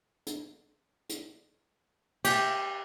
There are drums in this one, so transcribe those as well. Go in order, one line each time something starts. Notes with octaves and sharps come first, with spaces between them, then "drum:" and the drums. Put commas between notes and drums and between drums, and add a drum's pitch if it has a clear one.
drum: hi-hat
drum: hi-hat
G4, drum: cymbal